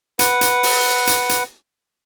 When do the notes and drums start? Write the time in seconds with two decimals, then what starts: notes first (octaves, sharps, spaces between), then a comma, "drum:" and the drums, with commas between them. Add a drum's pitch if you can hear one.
0.19 B4 F#5, drum: hi-hat
0.41 drum: hi-hat
0.63 drum: open hi-hat
1.07 drum: hi-hat
1.29 drum: hi-hat